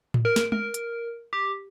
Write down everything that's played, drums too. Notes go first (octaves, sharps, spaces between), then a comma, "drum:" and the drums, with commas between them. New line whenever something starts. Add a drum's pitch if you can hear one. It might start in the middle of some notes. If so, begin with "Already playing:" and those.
drum: tom A2
A#4
drum: snare
A#4, drum: tom G#3
drum: hi-hat
G4